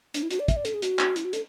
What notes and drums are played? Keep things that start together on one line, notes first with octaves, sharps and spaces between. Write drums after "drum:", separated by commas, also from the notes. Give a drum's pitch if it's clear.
D4, drum: hi-hat
E4
F#4, drum: hi-hat
D5
E5, drum: kick, hi-hat
D5
A4, drum: hi-hat
G#4
F#4, drum: hi-hat
drum: clap
E4, drum: hi-hat
F#4
A4, drum: hi-hat